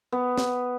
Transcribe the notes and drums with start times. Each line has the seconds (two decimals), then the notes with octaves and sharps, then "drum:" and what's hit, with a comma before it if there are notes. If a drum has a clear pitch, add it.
0.12 B3
0.38 drum: snare